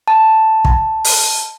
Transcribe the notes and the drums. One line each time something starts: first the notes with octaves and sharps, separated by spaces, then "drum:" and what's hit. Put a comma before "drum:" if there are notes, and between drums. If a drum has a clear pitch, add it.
A5
drum: kick
drum: open hi-hat